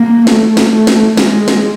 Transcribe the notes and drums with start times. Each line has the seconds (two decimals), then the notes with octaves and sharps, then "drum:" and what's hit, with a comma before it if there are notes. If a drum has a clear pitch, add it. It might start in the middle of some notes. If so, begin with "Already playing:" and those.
Already playing: A#3
0.27 A3, drum: snare
0.57 drum: snare
0.87 drum: snare
1.17 G#3, drum: snare
1.48 drum: snare